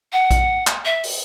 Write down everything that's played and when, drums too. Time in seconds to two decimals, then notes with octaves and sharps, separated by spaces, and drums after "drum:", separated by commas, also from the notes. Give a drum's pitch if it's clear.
0.12 F#5
0.31 drum: kick A#1, hi-hat
0.67 drum: clap
0.85 E5
1.03 drum: open hi-hat